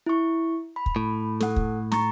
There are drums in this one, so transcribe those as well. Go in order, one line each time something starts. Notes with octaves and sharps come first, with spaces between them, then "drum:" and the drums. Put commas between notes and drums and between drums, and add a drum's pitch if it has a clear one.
E4 C#6
B5
drum: kick
A2
A4 F#5, drum: snare
drum: kick
A#5 C#6 A6, drum: snare